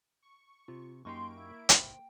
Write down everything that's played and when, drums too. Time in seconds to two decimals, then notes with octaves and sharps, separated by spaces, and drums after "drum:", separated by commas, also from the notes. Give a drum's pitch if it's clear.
0.22 C#6
0.68 C3 F4
1.05 F#2 A#3 D#4 G4 C6 C#6 D7
1.34 E4
1.69 C5 G5, drum: hi-hat